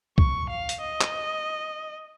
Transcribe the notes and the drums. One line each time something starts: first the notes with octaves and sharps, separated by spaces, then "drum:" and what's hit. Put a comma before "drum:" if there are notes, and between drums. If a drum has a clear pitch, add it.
C#6, drum: kick C2
F5
drum: hi-hat
D#5
drum: clap